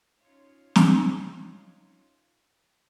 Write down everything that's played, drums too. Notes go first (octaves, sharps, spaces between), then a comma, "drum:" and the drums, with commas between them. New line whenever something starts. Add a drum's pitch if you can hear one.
C#4 D#4 F4 C#5
drum: snare